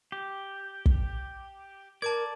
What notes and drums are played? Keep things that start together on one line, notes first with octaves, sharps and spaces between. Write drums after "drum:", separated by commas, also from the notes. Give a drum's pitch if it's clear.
G4
drum: kick
A#4 D5 A5 D6 G#6